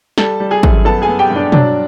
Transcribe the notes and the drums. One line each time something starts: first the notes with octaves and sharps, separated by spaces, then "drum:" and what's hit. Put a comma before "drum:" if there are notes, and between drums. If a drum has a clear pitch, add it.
G3 A4 A5, drum: snare
G3
G#4 G#5
F#2, drum: kick
B3 A4 A5
G#4 G#5
B3
G4 G5
G2
D4 D5
F#3 D4 D5, drum: tom B2